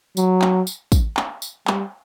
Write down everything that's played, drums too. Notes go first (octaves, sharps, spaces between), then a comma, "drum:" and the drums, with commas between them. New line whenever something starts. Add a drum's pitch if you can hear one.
F#3, drum: tambourine
drum: clap
drum: tambourine
drum: kick, tambourine
drum: clap
drum: tambourine
G3, drum: clap